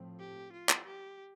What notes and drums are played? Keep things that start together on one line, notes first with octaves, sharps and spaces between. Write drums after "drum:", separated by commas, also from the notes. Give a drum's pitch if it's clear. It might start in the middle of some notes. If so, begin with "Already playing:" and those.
Already playing: A2 F3 A3 C4
G4
F4
drum: clap
G4